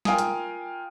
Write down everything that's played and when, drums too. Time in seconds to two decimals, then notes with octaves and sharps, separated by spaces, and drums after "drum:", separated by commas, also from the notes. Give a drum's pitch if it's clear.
0.05 F4 A#4 F5 G5 G#5 D#6, drum: snare
0.18 drum: hi-hat